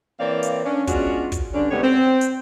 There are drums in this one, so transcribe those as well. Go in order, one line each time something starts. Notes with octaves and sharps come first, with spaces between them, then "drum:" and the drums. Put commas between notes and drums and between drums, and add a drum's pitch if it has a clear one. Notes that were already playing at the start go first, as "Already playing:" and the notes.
E3 A#3 C4 C#5 D5 F5
drum: hi-hat
C#4 D4
G#3 B3 C#4 D4 F4 F#4, drum: kick, hi-hat
drum: kick, hi-hat
G2 D3 C#4 D4
G#2 C3 G3 A3 B3 C#5
C4
drum: hi-hat